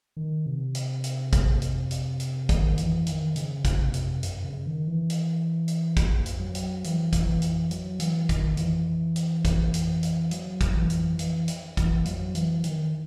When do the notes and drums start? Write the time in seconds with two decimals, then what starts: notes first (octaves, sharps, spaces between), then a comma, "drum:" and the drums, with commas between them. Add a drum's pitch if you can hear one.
0.17 D#3
0.46 C3
0.75 drum: hi-hat
1.04 drum: hi-hat
1.33 drum: kick, hi-hat
1.62 drum: hi-hat
1.91 drum: hi-hat
2.20 drum: hi-hat
2.49 D#3, drum: kick, hi-hat
2.78 E3, drum: hi-hat
3.07 D#3, drum: hi-hat
3.36 C#3, drum: hi-hat
3.65 drum: kick, hi-hat
3.79 C3
3.94 drum: hi-hat
4.23 F#2, drum: hi-hat
4.44 C#3
4.66 D#3
4.88 E3
5.10 drum: hi-hat
5.68 drum: hi-hat
5.97 drum: kick, hi-hat
6.26 drum: hi-hat
6.40 F#3
6.55 drum: hi-hat
6.84 E3, drum: hi-hat
7.13 drum: kick, hi-hat
7.27 E3
7.42 drum: hi-hat
7.71 F#3, drum: hi-hat
8.00 E3, drum: hi-hat
8.29 D#3, drum: kick, hi-hat
8.57 E3, drum: hi-hat
9.16 drum: hi-hat
9.45 drum: kick, hi-hat
9.74 drum: hi-hat
10.03 drum: hi-hat
10.31 F#3, drum: hi-hat
10.61 drum: kick, hi-hat
10.75 E3
10.90 drum: hi-hat
11.19 E3, drum: hi-hat
11.48 drum: hi-hat
11.77 E3, drum: kick, hi-hat
12.05 F#3, drum: hi-hat
12.35 E3, drum: hi-hat
12.64 D#3, drum: hi-hat